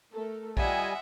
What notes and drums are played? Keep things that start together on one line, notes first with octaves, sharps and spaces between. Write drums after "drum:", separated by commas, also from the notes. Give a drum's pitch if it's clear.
A3 A4 A#4
G3 F4 D#5 E5 F#5 G#5, drum: kick A#1